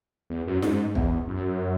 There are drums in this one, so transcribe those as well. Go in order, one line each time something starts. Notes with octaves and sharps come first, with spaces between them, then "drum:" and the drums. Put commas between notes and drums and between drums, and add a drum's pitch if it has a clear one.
E2
F#2
G#2, drum: snare
E2, drum: kick
F#2